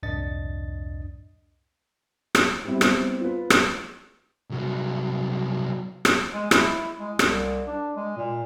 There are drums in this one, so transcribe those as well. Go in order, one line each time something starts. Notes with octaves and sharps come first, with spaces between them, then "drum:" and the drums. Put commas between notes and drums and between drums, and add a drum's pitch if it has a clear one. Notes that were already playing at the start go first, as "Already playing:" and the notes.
C2 F2 G#2 D4 D#5 A6
drum: rim click
G3 B3 C4 E4
drum: rim click
F4 B4
drum: rim click
C2 F#3
drum: rim click
G#3
E4, drum: rim click
G#3
C2, drum: rim click
D4
G#3
A#2